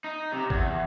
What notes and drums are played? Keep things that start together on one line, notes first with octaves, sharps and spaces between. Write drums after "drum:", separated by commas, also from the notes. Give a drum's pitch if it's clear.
D#4
C3
E2, drum: kick G#1